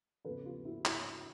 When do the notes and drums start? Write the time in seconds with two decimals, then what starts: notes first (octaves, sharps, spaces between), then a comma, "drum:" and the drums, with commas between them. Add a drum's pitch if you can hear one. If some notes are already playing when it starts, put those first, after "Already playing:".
0.25 E2 C#3 F3 A4 B4
0.45 F4 G4
0.65 E4 F#4
0.85 E4 F#4, drum: clap